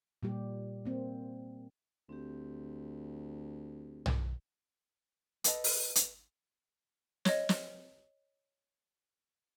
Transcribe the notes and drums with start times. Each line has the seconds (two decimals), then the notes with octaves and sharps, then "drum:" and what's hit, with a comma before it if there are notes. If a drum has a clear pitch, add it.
0.23 A#2 G3 G4
0.85 A#3 C4
2.09 D2 C4 G4
4.06 drum: tom B1
5.44 A4 B4 D#5 A5, drum: hi-hat
5.64 drum: open hi-hat
5.95 drum: hi-hat
7.25 C#5 D#5, drum: snare
7.49 drum: snare